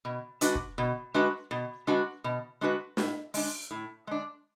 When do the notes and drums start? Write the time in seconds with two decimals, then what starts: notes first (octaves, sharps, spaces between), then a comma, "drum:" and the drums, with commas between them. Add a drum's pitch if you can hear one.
0.05 B2
0.41 G#3 D4 F#4 B4, drum: hi-hat
0.55 drum: kick
0.78 B2
1.14 G#3 D4 F#4 B4
1.51 B2
1.87 G#3 D4 F#4 B4
2.24 B2
2.61 G#3 D4 F#4 B4
2.97 A2, drum: snare
3.34 G#3 D4, drum: open hi-hat
3.71 A2
4.07 G#3 D4